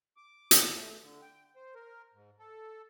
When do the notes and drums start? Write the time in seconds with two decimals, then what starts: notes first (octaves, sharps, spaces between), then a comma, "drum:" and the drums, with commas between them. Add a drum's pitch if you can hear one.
0.17 D6
0.51 drum: hi-hat
0.75 A3
1.01 D3
1.22 G5
1.56 C5
1.75 A#4
2.14 G#2
2.39 A4